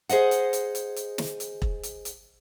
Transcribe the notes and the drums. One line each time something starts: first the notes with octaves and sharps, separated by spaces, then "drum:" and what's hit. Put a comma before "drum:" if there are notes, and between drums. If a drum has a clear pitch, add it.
G#4 C5 D#5 F#5, drum: hi-hat
drum: hi-hat
drum: hi-hat
drum: hi-hat
drum: hi-hat
drum: snare
drum: hi-hat
drum: kick E1
drum: hi-hat
drum: hi-hat